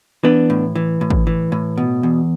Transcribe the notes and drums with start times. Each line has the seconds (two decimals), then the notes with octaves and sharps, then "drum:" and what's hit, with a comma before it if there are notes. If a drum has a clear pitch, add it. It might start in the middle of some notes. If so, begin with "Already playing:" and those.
0.24 E3 B3 D4
0.50 A2
0.75 E3
1.01 A2
1.10 drum: kick
1.27 E3
1.52 A2
1.77 B2
2.03 E2